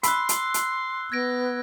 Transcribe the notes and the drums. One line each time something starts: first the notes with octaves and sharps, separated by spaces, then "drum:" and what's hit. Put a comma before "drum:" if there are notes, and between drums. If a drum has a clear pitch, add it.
B5 C6 E6 F#6, drum: hi-hat
drum: hi-hat
drum: hi-hat
B3 G#6 A#6 D7